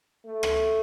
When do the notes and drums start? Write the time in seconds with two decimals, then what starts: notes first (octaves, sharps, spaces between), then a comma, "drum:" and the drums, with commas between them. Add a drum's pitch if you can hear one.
0.25 A3
0.43 drum: rim click